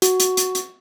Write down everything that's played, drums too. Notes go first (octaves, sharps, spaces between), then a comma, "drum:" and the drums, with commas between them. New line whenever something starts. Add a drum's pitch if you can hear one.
F#4, drum: hi-hat
drum: hi-hat
drum: hi-hat
drum: hi-hat